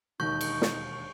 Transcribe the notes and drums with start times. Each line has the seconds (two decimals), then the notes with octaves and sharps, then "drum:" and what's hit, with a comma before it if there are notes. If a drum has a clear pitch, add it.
0.20 E1 D#2 D#4 C#6 G6
0.41 drum: cymbal
0.62 drum: snare